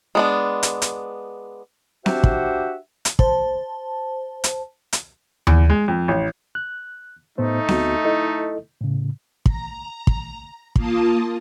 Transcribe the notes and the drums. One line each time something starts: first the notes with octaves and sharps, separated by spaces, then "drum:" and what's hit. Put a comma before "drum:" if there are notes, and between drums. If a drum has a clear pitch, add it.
G#3 B3 D4
drum: hi-hat
drum: hi-hat
D4 F#4 G4 C5 E5 F#5, drum: snare C4
drum: kick
drum: hi-hat
C5 A5, drum: kick
drum: hi-hat
drum: hi-hat
E2, drum: tom D#2
G#3
F2
A1
F#6
A2 A3 B3 D#4 C5
D2 B3 F#4, drum: snare C4
E4 A4 D#5
A2 C#3
A#5, drum: kick
drum: kick
A#3 F4 A5 D#6, drum: kick